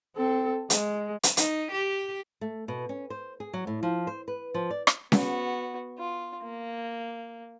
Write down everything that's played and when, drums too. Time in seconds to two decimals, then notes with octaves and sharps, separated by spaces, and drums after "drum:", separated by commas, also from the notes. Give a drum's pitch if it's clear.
0.16 C4 A4
0.70 G#3, drum: hi-hat
1.23 drum: hi-hat
1.37 D#4, drum: hi-hat
1.72 G4
2.41 A3
2.68 B2
2.89 C#4
3.10 C5
3.40 G#4
3.53 F#3
3.67 A2
3.83 F3
4.07 C5
4.28 B4
4.54 F3
4.70 D5
4.87 drum: rim click
5.12 B3 F#4, drum: snare C#4
5.98 F4
6.42 A#3